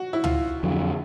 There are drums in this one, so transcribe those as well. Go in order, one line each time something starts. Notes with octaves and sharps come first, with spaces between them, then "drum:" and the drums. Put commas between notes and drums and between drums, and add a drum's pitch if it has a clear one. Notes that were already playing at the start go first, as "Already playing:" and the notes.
Already playing: F#4
E4
F4, drum: tom
F2 D3 F#3